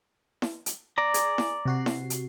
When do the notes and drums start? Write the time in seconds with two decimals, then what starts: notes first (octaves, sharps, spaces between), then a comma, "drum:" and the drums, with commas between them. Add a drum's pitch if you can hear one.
0.42 drum: snare E4
0.66 drum: hi-hat
0.98 D5 A#5
1.14 G#4, drum: hi-hat
1.38 drum: snare E4
1.65 C3 F#4 C7
1.86 drum: snare E4
2.10 drum: hi-hat